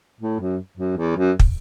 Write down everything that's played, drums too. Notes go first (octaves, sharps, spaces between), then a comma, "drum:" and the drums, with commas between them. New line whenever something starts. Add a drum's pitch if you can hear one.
A2
F#2
F#2
E2
F#2
drum: kick